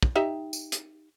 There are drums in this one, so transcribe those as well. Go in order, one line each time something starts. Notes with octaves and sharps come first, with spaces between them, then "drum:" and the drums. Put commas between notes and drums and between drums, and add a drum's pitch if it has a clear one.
drum: kick
D#4 G4 E5
drum: tambourine
drum: hi-hat